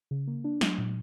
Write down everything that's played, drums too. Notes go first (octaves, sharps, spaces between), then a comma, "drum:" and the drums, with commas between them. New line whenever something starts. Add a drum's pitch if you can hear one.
C#3
A#3
D4
F#3, drum: snare
A#2